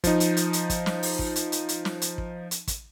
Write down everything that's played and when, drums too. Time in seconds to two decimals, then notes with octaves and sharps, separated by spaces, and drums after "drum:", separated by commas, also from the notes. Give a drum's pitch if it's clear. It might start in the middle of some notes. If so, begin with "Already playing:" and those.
0.04 F3 D#4, drum: kick, hi-hat
0.20 drum: hi-hat
0.37 drum: hi-hat
0.53 drum: hi-hat
0.70 drum: kick, hi-hat
0.86 drum: snare
1.03 drum: open hi-hat
1.19 drum: kick
1.36 drum: hi-hat
1.52 drum: hi-hat
1.69 drum: hi-hat
1.85 drum: snare
2.02 drum: hi-hat
2.18 drum: kick
2.51 drum: hi-hat
2.68 drum: kick, hi-hat